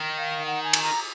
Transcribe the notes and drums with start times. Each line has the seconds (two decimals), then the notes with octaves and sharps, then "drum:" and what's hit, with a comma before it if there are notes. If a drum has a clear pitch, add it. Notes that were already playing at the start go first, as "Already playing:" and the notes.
Already playing: D#3
0.18 F5
0.46 F#5
0.64 G#5
0.73 drum: cymbal
0.83 A#5